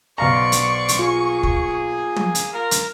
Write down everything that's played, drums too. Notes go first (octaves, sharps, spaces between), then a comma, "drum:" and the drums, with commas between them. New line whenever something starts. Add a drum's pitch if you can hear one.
B1 C5 D5 F5 A#5 C6 C#6
drum: hi-hat
drum: hi-hat
A#3 F4 G#4
drum: kick
drum: tom
drum: hi-hat
F4 A#4
drum: hi-hat